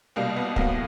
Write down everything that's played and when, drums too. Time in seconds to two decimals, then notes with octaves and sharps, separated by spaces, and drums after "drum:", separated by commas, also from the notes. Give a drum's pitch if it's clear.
0.16 C2 B2 G3 A#3
0.36 B3
0.56 A2 F#3 A#3 B3, drum: kick